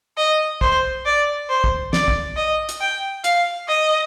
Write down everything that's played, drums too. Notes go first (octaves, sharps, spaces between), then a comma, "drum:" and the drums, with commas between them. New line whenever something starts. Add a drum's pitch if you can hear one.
D#5
C5, drum: kick
D5
C5
drum: kick
D5, drum: snare
drum: kick
D#5
drum: hi-hat
G5
F5, drum: hi-hat
D#5